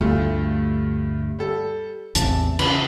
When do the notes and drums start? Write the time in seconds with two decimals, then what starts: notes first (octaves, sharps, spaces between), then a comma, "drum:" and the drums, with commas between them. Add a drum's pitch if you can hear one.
0.01 G1 D2 G2 A3 F4
1.39 G3 A4
2.15 A1 E2 C3 A5, drum: hi-hat
2.59 C#3 B4, drum: cymbal